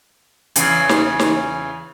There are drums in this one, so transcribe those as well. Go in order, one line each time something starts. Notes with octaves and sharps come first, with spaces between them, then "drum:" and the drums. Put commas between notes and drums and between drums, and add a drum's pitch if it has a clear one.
E2 C#3 E3, drum: hi-hat
drum: snare
drum: snare